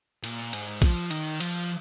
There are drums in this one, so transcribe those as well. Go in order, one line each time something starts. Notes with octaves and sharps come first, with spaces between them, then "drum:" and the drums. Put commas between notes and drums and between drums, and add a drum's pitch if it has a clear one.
A#2, drum: cymbal
G#2, drum: cymbal
F3, drum: kick A#1, cymbal
D#3, drum: cymbal
F3, drum: cymbal